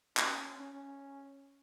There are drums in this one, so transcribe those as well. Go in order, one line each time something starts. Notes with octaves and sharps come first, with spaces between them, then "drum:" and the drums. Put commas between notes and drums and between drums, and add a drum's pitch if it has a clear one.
C#4, drum: clap
C#4